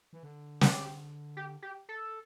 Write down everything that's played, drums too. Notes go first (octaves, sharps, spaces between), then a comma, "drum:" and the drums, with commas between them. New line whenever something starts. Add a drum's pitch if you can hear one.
E3
D3
G4, drum: snare
G4
G4
A4